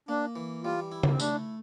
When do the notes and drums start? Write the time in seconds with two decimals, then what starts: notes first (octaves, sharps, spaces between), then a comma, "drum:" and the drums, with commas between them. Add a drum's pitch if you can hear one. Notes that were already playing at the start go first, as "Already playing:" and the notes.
0.08 A#3 D4
0.36 E3
0.63 G3 F4
0.92 E4
1.03 A#3, drum: tom C#3
1.12 C4
1.20 A3 D4, drum: tambourine